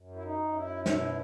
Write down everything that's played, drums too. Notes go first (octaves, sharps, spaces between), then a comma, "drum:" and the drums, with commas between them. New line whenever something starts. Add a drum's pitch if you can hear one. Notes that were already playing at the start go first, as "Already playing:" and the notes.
Already playing: F#2
E4
D#4
F#2
E4
B2 E4, drum: snare